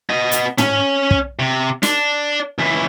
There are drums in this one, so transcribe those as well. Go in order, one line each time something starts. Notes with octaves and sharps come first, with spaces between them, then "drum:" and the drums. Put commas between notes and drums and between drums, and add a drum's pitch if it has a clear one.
B3 D#5
drum: hi-hat
C#4, drum: tom
drum: kick
C3
D4, drum: snare
C#2 E3